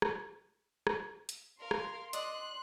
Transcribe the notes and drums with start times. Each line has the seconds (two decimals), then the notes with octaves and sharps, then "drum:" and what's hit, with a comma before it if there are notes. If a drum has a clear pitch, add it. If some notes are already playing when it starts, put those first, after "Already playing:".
0.02 drum: rim click
0.87 drum: rim click
1.29 drum: hi-hat
1.59 A#4 F5 C6
1.71 drum: rim click
2.13 D5 D#5 D#6 F#6, drum: hi-hat